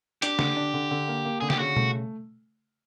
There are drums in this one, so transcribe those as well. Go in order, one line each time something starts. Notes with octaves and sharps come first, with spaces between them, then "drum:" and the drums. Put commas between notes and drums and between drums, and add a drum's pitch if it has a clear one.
D4 G4, drum: hi-hat
D3, drum: snare C#3
D4
D3
D3
A#3
A#3
D3 G#4
G4, drum: snare C#3
C#3 F#4
A3, drum: tom B2